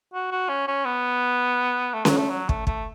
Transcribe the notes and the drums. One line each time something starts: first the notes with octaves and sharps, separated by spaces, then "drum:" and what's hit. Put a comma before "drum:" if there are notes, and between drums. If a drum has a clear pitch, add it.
F#4
F#4
C#4
C#4
B3
A3
F#3, drum: snare C#4
A3
F#3
A3, drum: kick
A3, drum: kick